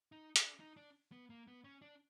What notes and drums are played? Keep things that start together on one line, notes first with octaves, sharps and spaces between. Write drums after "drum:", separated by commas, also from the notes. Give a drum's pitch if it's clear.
D#4
D4, drum: hi-hat
D#4
D4
B3
A#3
B3
C#4
D4